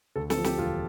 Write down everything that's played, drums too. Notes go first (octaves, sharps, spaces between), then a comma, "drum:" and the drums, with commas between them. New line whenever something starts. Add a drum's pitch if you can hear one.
D2 A4
A4, drum: snare
F3
G4, drum: snare
E1 F4